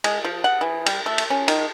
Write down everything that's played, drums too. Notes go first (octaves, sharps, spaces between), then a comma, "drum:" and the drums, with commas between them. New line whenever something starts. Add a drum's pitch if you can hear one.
G#3, drum: cymbal
F3
F#5
E3
G3, drum: cymbal
A3
drum: cymbal
C#4
D#3, drum: cymbal